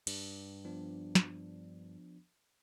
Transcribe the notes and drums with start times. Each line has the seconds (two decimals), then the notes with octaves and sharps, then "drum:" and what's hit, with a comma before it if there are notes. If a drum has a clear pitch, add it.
0.07 G2, drum: cymbal
0.65 F3 B3 D4
1.15 drum: snare